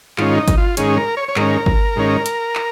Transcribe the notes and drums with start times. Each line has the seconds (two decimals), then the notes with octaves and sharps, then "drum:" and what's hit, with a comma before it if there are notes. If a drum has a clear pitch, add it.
0.18 G#2 D#3 C#4 F4, drum: clap
0.38 D#4
0.48 drum: kick G1, hi-hat
0.58 F4
0.77 G#2 D#3 C#4 G#4, drum: hi-hat
0.97 A#4
1.17 C#5
1.28 C#5
1.36 G#2 D#3 C#4 A#4, drum: clap
1.66 drum: kick G1
1.96 G#2 D#3 C#4
2.26 drum: hi-hat
2.55 drum: clap